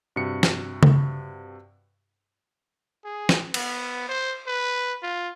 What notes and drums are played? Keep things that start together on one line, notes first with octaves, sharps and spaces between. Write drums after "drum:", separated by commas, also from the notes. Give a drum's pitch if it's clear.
G2 C3 F#4 C#7
drum: snare
drum: tom C#3
G#4
drum: snare
B3, drum: cymbal
C5
B4
F4